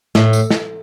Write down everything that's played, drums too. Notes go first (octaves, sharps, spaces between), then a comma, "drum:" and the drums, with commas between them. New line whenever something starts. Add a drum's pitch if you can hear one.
A2, drum: snare
drum: tambourine
drum: snare